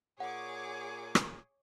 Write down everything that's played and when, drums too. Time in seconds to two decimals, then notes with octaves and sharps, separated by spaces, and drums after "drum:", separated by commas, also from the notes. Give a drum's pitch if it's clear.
0.20 A#2 G#4 C#5 F#5 C#6 D6
1.15 drum: rim click